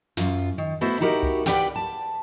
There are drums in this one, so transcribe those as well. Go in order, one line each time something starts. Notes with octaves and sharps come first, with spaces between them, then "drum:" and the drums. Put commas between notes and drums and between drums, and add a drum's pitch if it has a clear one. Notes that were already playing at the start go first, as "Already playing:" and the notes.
F#2 F4, drum: snare
D#3
A3 B3 E4 F#4 C5 E5
D#4 E4 F#4 G4 A#4
drum: kick C2
G4 B4 D5 F#5 G5, drum: snare
A5